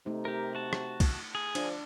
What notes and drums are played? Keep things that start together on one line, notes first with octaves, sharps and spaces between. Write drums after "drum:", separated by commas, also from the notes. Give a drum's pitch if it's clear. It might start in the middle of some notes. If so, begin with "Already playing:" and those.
C3 A3 D#4
G4 A#4
F#4 A5
drum: rim click
drum: kick, cymbal
G#4
F3 D4, drum: cymbal